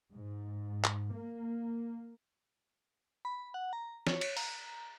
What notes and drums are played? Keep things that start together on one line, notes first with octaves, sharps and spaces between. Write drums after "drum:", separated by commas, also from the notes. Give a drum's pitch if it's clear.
G#2
drum: clap
A#3
B5
F#5
A#5
C#5, drum: snare
drum: cymbal
A#5, drum: open hi-hat